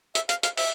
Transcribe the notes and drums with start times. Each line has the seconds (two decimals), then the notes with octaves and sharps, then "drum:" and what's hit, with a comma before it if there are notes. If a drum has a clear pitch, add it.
0.15 E5, drum: hi-hat
0.29 F5, drum: hi-hat
0.43 F5, drum: hi-hat
0.57 E5, drum: open hi-hat